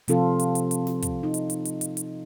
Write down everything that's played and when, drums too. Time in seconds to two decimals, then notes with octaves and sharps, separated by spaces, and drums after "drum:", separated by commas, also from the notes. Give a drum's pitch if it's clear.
0.08 C3 F3 C4 F4 A4, drum: hi-hat
0.39 drum: hi-hat
0.55 drum: hi-hat
0.71 drum: hi-hat
0.87 drum: snare
1.02 drum: kick, hi-hat
1.23 D#4
1.34 drum: hi-hat
1.50 drum: hi-hat
1.65 drum: hi-hat
1.81 drum: hi-hat
1.97 drum: hi-hat